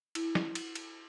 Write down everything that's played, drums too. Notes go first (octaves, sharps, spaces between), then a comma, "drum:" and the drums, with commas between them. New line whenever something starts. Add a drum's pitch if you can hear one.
E4, drum: cymbal
drum: snare
drum: cymbal
drum: cymbal